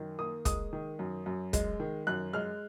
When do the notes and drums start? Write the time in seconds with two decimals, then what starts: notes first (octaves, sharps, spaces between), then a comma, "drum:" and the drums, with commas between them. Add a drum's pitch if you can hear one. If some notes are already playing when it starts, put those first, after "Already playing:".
Already playing: F#2 D#3
0.19 A#3 D#6
0.45 G#3 D#6, drum: kick, hi-hat
0.73 D#3
0.99 F#2
1.26 F#2
1.53 G#3, drum: kick, hi-hat
1.80 D#3
2.07 F#2 F#6
2.33 G#3 F6